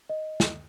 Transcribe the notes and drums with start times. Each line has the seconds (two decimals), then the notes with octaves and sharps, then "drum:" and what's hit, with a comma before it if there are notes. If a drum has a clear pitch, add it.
0.09 D#5
0.40 drum: snare